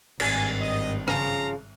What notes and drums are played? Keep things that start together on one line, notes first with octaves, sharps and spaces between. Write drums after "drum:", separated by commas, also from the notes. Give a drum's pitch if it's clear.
G#1 G2 G#5, drum: cymbal
D#5
C#3 F3 F5 A#5, drum: rim click